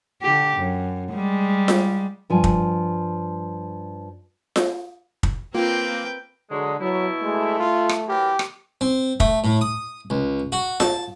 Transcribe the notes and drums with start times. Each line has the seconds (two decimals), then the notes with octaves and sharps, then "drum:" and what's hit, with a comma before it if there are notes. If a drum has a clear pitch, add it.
0.22 D3 G4
0.57 F#2
1.13 G3 G#3
1.68 drum: snare F4
2.30 G2 F3 G#5
2.44 drum: kick
4.56 drum: snare F4
5.23 drum: kick
5.55 A#3 C4 F4 A#4 B4 G5
6.51 D3 F#3 G#3
6.81 B2 F#3 E4
7.23 G#3 A3
7.59 F4
7.89 drum: rim click
8.08 E3 F#3 G4 A#4
8.39 drum: rim click
8.81 C4
9.20 A3, drum: kick
9.44 A2
9.61 D#6
10.10 C#2
10.52 F#4
10.80 A5, drum: snare F4